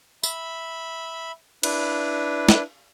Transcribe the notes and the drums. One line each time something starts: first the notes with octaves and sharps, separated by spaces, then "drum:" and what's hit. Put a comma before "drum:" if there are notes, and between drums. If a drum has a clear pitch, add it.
E5 B5, drum: tambourine
D4 E4 B4, drum: cymbal
drum: snare